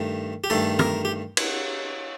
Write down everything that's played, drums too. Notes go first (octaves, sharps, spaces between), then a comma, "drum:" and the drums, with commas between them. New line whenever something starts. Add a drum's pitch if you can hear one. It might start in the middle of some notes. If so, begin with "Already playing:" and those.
Already playing: G2 D#3 A3
G4
G2 D#3 A3 A4
A#4, drum: tom
G4
drum: cymbal